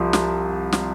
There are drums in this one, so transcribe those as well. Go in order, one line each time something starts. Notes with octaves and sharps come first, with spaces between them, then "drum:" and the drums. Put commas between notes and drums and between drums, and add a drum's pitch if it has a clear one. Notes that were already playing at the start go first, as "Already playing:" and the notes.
Already playing: C2 F3
drum: snare
drum: snare